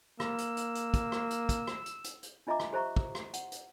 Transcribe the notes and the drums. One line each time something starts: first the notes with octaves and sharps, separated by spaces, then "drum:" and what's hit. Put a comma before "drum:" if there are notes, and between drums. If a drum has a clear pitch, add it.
A#3 E6, drum: rim click
drum: hi-hat
drum: hi-hat
drum: hi-hat
drum: kick, hi-hat
drum: rim click
drum: hi-hat
drum: kick, hi-hat
drum: rim click
drum: hi-hat
drum: hi-hat
drum: hi-hat
D4 F4 D#5 E5 A#5 D6
drum: rim click
G4 C5 E5 A#5 C#6
drum: kick
drum: rim click
F#5, drum: hi-hat
drum: hi-hat